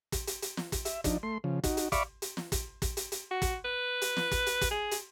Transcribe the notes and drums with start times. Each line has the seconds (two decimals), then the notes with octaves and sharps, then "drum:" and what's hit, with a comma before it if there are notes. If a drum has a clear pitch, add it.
0.12 drum: kick, hi-hat
0.27 drum: hi-hat
0.42 drum: hi-hat
0.57 drum: snare
0.72 drum: kick, hi-hat
0.85 E5, drum: hi-hat
1.04 F3 D4 D#4, drum: kick, hi-hat
1.23 A3 C6
1.44 C#3 F3
1.64 D#4 F#4, drum: kick, hi-hat
1.77 drum: hi-hat
1.92 D5 E5 F5 B5 C#6 D6, drum: kick, hi-hat
2.22 drum: hi-hat
2.37 drum: snare
2.52 drum: kick, hi-hat
2.82 drum: kick, hi-hat
2.97 drum: hi-hat
3.12 drum: hi-hat
3.31 F#4
3.42 drum: kick, hi-hat
3.65 B4
4.02 drum: hi-hat
4.17 drum: snare
4.31 drum: kick, hi-hat
4.46 drum: hi-hat
4.61 drum: kick, hi-hat
4.71 G#4
4.91 drum: hi-hat